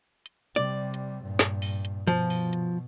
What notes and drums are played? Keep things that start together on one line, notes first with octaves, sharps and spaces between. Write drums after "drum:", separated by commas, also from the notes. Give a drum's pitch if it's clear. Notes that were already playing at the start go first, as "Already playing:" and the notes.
drum: hi-hat
C3 G3 D5
drum: hi-hat
G2 A#2
drum: snare
drum: open hi-hat
drum: hi-hat
B2 F3, drum: hi-hat
drum: open hi-hat
drum: hi-hat